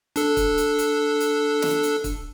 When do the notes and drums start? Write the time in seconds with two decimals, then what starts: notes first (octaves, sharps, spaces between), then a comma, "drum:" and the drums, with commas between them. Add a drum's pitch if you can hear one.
0.16 D4 A4, drum: hi-hat
0.37 drum: kick, hi-hat
0.58 drum: hi-hat
0.79 drum: hi-hat
1.20 drum: hi-hat
1.62 drum: snare
1.83 drum: hi-hat
2.04 drum: kick, hi-hat